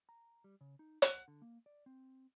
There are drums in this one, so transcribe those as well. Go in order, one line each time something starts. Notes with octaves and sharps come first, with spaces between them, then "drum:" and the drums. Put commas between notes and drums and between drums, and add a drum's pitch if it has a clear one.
A#5
G3
C#3
D#4
F#5, drum: hi-hat
D3
A#3
D5
C4